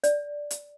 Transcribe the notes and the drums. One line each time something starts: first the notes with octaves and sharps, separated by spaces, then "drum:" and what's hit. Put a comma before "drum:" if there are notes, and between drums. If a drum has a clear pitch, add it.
D5, drum: hi-hat
drum: hi-hat